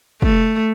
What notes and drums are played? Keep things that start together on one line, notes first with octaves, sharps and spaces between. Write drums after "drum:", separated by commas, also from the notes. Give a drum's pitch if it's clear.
A3, drum: kick